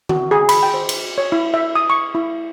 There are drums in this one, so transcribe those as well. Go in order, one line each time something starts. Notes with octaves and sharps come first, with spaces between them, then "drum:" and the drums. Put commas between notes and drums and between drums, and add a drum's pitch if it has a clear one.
F#4, drum: tom D#3
G#4
B5, drum: cymbal
G5
C5
drum: cymbal
C#5
E4
E5
D#6
C#6
E4